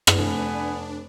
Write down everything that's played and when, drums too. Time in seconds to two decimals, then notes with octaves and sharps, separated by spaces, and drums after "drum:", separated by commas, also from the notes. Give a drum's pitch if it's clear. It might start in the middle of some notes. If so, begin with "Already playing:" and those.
0.07 drum: rim click
0.17 F1 A3 B3 D4 B4 G#5